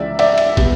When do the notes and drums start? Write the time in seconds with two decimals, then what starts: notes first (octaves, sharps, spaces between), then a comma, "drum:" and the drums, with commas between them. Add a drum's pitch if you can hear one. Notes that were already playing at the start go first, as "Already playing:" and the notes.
Already playing: C#2 C#3 E3 D5 E5
0.19 D5 E5, drum: cymbal
0.38 drum: cymbal
0.57 B2 G3 B3, drum: kick, cymbal